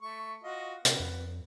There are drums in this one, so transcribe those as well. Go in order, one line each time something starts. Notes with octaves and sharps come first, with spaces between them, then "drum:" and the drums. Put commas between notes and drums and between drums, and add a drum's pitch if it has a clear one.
A3 C#6
F4 F#4 D#5
C3 B3, drum: hi-hat
F2